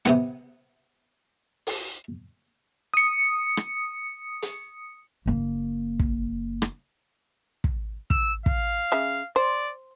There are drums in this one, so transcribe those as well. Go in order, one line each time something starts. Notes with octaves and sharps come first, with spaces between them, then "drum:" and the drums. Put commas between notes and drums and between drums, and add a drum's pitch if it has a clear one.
C3 B3 F#5, drum: rim click
drum: open hi-hat
D#6 C#7
drum: rim click
drum: hi-hat
F#1 A#3
drum: kick
drum: rim click
drum: kick
E6, drum: kick
F5, drum: kick
C#3 E5
C5 D5